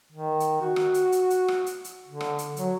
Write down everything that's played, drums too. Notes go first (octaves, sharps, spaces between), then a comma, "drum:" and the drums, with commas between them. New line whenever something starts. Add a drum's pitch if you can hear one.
D#3
drum: hi-hat
F#4
drum: rim click
drum: hi-hat
drum: hi-hat
drum: hi-hat
drum: rim click
drum: hi-hat
drum: hi-hat
D3
drum: rim click
drum: hi-hat
F#3, drum: hi-hat